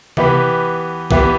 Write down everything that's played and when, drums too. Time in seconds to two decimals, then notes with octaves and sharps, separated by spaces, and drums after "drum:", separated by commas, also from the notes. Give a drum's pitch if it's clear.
0.17 E3 B3 G4 B4, drum: tom C3
1.11 E3 B3 G4 B4, drum: kick